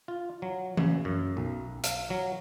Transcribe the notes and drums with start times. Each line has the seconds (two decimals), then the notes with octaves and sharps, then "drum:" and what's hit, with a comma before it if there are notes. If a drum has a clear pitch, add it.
0.08 F4
0.42 F#3
0.77 C#3, drum: tom E3
1.05 F#2
1.37 B1
1.84 F5, drum: hi-hat
2.10 F#3